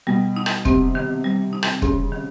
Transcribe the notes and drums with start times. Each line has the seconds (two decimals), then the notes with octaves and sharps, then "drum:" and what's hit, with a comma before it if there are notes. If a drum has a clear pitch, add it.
0.07 B2 G3
0.36 D#4
0.46 drum: rim click
0.65 C3 C4, drum: kick
0.95 D#3
1.24 G3
1.53 D#4
1.63 drum: rim click
1.82 C#3 C4, drum: kick
2.12 D#3